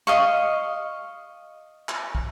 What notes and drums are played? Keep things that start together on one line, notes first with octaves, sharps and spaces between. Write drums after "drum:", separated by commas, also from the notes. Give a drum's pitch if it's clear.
D#5 F5 C#6
drum: clap
drum: kick